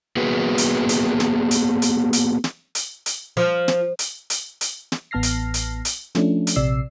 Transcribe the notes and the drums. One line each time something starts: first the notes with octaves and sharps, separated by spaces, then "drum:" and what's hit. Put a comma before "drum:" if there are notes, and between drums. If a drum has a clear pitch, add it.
A#3 B3 F#4 G#4 B4
drum: hi-hat
drum: hi-hat
drum: snare
drum: hi-hat
drum: hi-hat
drum: hi-hat
drum: snare
drum: hi-hat
drum: hi-hat
F3
drum: snare
drum: hi-hat
drum: hi-hat
drum: hi-hat
drum: snare
A1 B3 A5 F6 A#6 C7
drum: hi-hat
drum: hi-hat
drum: hi-hat
F3 A3 C#4 D4, drum: snare
drum: hi-hat
A#1 C3 D5 E6 C7